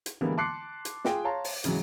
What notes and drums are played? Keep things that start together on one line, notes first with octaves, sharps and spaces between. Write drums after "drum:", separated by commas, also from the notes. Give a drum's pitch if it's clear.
drum: hi-hat
D3 E3 G3 G#3 A#3 B3
A5 C6 D6 F#6 C7 C#7
drum: hi-hat
F4 G#4 G5 G#5 C6, drum: snare
C#5 F5 A5 A#5 C6
drum: open hi-hat
G#2 C#3 E3 F#3, drum: hi-hat